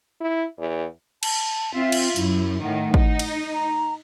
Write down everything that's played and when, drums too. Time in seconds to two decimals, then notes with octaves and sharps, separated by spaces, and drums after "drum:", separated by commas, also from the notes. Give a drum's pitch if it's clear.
0.21 E4
0.58 E2
1.23 A5, drum: cymbal
1.74 C4 F4 E5
1.92 drum: cymbal
2.16 F#2 E4, drum: hi-hat
2.63 A2 D#3 F#5
2.94 D#4, drum: kick
3.19 drum: cymbal
3.54 A#5